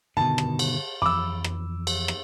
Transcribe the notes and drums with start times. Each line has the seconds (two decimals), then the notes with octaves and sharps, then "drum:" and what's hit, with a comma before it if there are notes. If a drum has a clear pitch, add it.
0.17 G2 B2 D3 D#3 A5
0.38 drum: rim click
0.59 drum: cymbal
1.02 F2 E3 F3 B5 D6 E6
1.44 drum: rim click
1.87 drum: cymbal
2.08 drum: rim click